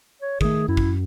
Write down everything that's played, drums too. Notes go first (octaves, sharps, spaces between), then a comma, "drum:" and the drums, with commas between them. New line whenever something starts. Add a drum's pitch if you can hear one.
C#5
D#3 A3 G#4, drum: kick
F#2 E4
drum: kick